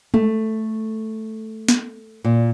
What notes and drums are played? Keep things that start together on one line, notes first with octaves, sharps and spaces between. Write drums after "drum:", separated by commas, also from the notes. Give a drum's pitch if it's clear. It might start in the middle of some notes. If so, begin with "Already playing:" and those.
A3, drum: tom G#3
drum: snare
A#2